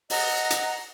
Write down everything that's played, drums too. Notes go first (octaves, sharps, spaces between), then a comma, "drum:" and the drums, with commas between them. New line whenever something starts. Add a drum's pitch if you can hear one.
D#5 F#5 A#5, drum: open hi-hat
drum: hi-hat